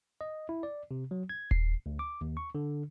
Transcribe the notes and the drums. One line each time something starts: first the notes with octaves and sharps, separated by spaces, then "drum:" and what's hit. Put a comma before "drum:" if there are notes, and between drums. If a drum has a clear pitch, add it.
D#5
E4
D5
C3
F#3
G#6
C7, drum: kick D#1
D2
D6
D#2
C#6
D3